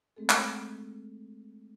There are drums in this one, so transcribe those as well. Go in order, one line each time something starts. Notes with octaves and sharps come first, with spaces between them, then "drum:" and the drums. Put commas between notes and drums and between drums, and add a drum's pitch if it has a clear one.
G#3 A3 C4 G#4 A4
drum: clap